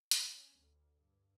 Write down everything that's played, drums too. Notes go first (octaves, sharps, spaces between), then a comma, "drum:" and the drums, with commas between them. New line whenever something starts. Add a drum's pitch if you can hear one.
C#4, drum: hi-hat
D2
G2